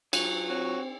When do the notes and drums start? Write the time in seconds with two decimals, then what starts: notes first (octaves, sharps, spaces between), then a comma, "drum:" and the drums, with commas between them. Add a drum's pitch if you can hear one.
0.13 F#3 F4, drum: cymbal
0.49 C4 F#4 C#5